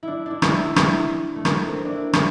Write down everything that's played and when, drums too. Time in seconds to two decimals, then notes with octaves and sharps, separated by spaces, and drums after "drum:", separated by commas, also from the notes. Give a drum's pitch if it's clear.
0.03 D4 E4
0.26 D4 E4
0.42 drum: rim click
0.54 E4
0.76 drum: rim click
1.36 A3
1.45 A#3, drum: rim click
1.68 C4
1.85 D4
1.91 E4
2.13 drum: rim click